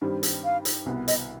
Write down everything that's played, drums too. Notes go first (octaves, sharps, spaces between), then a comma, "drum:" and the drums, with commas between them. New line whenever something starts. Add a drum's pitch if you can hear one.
G2 D#3 G3 C4
drum: hi-hat
F5
drum: hi-hat
C2 B2 B3
D#5, drum: hi-hat